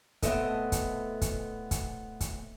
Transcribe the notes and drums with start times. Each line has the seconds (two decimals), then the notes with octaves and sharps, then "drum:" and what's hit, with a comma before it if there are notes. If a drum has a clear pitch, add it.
0.22 A2 A3 B3 C4 A4 D#5, drum: kick, hi-hat
0.72 drum: kick, hi-hat
1.21 drum: kick, hi-hat
1.71 drum: kick, hi-hat
2.21 drum: kick, hi-hat